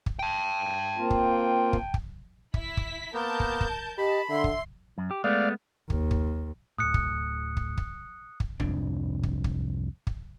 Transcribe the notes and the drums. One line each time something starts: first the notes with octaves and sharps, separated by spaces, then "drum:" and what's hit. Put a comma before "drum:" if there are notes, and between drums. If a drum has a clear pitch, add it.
drum: kick
G5 A5
A#3 C4 F4
drum: kick
drum: kick
drum: kick
E4 B6, drum: kick
drum: kick
A#3 B3 A#4 A5 G6
drum: kick
drum: kick
G4 D#5 A5 B5
D3 E5 C6
drum: kick
F#2
G4
G#3 A3 B3 D5 F5
D#2, drum: kick
drum: kick
D1 A2 D#6 F#6 C#7
drum: kick
drum: kick
drum: kick
drum: kick
C2 F2 G#2 D4, drum: kick
drum: kick
drum: kick
drum: kick